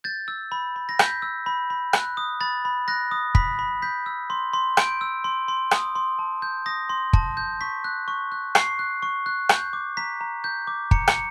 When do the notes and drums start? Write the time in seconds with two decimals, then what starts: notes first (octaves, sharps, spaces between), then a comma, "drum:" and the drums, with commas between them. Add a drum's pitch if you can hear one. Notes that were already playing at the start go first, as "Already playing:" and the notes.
0.04 G6 A6
0.28 E6
0.52 B5
0.76 B5
0.89 A#6
0.99 G6 B6, drum: rim click
1.22 E6
1.46 B5
1.70 B5
1.93 F#6, drum: rim click
2.17 D#6
2.41 B5 A6
2.65 B5
2.88 F#6 A#6
3.11 D#6
3.35 B5 B6, drum: kick
3.59 B5
3.82 G6 B6
4.06 E6
4.30 C6
4.53 C6
4.77 G6 D7, drum: rim click
5.01 E6
5.24 C6
5.48 C6
5.71 D#6, drum: rim click
5.95 C6
6.19 A5
6.42 G6
6.66 D#6 A#6
6.90 C6
7.13 A5, drum: kick
7.37 G6
7.61 C#6 B6
7.84 F#6
8.08 C#6
8.32 F#6
8.55 C#6 C7, drum: rim click
8.79 F#6
9.03 C#6
9.26 F#6
9.49 G6, drum: rim click
9.73 D6
9.97 A#5 B6
10.21 A#5
10.44 G6
10.67 D6
10.91 A#5 C#7, drum: kick
11.08 C#7, drum: rim click
11.15 A#5